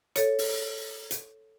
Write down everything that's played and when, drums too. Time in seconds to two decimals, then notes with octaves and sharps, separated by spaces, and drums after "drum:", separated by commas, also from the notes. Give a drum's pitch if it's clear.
0.16 A4 C#5, drum: hi-hat
0.39 drum: open hi-hat
1.11 drum: hi-hat